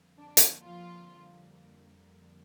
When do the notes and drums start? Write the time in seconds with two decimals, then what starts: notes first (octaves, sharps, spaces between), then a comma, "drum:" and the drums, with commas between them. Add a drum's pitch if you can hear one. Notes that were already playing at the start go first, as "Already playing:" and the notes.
Already playing: F2 D3 G3 A#3
0.17 D4
0.37 drum: hi-hat
0.62 F3 F4